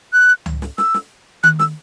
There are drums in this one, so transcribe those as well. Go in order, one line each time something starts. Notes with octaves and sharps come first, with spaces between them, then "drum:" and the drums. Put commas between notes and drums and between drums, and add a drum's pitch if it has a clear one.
F#6
drum: tom C#2
drum: snare
E6, drum: snare
drum: snare
F#6, drum: tom D#3
E6, drum: snare